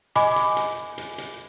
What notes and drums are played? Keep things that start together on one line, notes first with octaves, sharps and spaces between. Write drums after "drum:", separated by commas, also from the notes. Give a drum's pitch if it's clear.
D#5 G#5 B5 D6, drum: hi-hat
drum: hi-hat
drum: hi-hat
drum: hi-hat
drum: hi-hat